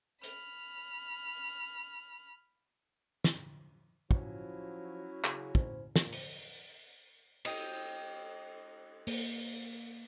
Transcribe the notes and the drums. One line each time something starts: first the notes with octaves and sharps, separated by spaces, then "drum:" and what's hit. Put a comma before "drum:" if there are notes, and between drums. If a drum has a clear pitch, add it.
B5 F6, drum: hi-hat
drum: snare
F3 F#3 C#4 E4, drum: kick
C#3, drum: clap
C5, drum: kick
A#2, drum: snare
drum: open hi-hat
D#5 G5, drum: cymbal
A#3, drum: open hi-hat